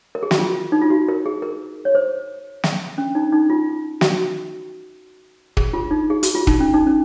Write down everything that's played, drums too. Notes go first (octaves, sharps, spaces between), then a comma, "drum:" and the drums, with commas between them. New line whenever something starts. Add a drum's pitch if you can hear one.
A#4
G#4
F#4, drum: snare
F4
D#4
F4
F#4
A#4
G#4
A#4
C#5
C5
drum: snare
C#4
D#4
D#4
F4
F#4, drum: snare
G#4, drum: kick
F4
D#4
G#4
F#4, drum: hi-hat
F4
D#4, drum: kick
C#4
D#4
C#4